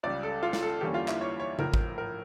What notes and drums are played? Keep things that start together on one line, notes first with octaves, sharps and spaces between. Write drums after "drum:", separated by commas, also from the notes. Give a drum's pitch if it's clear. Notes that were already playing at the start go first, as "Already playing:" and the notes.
C#2 C#3 G3 D5
A4
F4
drum: snare
A4
E2 D3 G3 A#3 C#4 G4
F4
E4, drum: clap
C#5
C#5
A#1 A2 F3 A#4, drum: tom C#3
drum: kick G#1
A#4